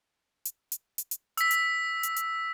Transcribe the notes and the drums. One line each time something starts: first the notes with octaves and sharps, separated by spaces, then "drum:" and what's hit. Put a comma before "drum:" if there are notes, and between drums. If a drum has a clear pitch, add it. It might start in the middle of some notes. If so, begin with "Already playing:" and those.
drum: hi-hat
drum: hi-hat
drum: hi-hat
drum: hi-hat
E6 B6, drum: hi-hat
drum: hi-hat
drum: hi-hat
drum: hi-hat